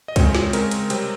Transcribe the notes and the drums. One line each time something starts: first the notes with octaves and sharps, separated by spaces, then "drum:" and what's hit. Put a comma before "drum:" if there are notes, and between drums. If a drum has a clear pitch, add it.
D#5
C#3 G#3 C4 C#5, drum: kick C2, hi-hat
drum: snare
C#3 G#3 C4 A#4, drum: hi-hat
drum: hi-hat
C3 G3 C4, drum: hi-hat